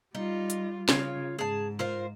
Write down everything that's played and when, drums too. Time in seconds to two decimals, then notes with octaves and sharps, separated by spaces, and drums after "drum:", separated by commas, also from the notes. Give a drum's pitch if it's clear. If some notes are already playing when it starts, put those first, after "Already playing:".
0.15 G3 D#4 F4
0.50 drum: hi-hat
0.89 C#3 F4 C#5, drum: snare
1.39 G#2 G#4 A5
1.79 F4 A#4 C5